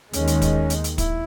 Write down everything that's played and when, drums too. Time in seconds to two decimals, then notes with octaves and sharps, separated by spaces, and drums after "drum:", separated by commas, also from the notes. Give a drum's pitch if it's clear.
0.13 D#2 D#3 G#3 C#4, drum: hi-hat
0.27 drum: hi-hat
0.42 drum: kick, hi-hat
0.70 drum: hi-hat
0.84 drum: hi-hat
0.98 E4, drum: kick, hi-hat